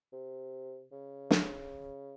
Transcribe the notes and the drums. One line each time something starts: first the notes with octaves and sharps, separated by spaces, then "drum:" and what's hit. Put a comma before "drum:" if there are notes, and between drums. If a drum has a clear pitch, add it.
C3
C#3
drum: snare